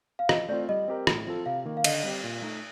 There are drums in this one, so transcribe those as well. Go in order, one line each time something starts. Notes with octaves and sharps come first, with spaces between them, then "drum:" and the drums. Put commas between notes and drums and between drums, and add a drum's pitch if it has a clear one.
F5
F3 D#5, drum: rim click
A3 C4 F4 D5
G3 D#5
C4 G4 A#4
A2, drum: rim click
F3 C4 F4 A4
C3 F5
D#3 A#3
F5
D3 D#5, drum: cymbal
G3 C4 G4
A#2
A3 D#4